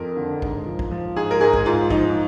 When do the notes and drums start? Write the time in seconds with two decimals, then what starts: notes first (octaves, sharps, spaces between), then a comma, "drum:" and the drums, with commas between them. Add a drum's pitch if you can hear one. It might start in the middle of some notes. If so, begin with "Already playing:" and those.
Already playing: F2 A#4
0.17 D3
0.42 G#2, drum: kick
0.66 F3
0.79 drum: kick
0.92 F3
1.16 G#2 G#4
1.31 A#4
1.41 G#2 G#4
1.53 drum: kick
1.66 G#2 F4
1.90 F3 D#4, drum: kick